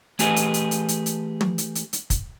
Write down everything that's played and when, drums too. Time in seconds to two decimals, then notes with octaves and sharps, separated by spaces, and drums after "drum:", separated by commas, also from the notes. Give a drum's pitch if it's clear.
0.19 E3 A3 G4 G#4 B4 D#5, drum: hi-hat
0.36 drum: hi-hat
0.54 drum: hi-hat
0.71 drum: hi-hat
0.88 drum: hi-hat
1.06 drum: hi-hat
1.41 drum: tom
1.58 drum: hi-hat
1.75 drum: hi-hat
1.93 drum: hi-hat
2.10 drum: kick, hi-hat